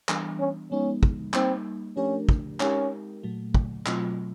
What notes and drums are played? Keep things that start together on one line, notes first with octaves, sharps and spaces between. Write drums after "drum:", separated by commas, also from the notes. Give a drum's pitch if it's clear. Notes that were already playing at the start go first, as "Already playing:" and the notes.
E3 G3 B3 D4, drum: clap
C#4
F3 G#3 B3 C#4 D#4
drum: kick
G3 A#3 C4 D#4, drum: clap
F3 A3 C#4 D4 G4 A#4
drum: kick
G#3 C4 C#4 D#4 G4 A#4, drum: clap
A#2 F#3 A3
drum: kick
B2 F#3 A3 C4 F4, drum: clap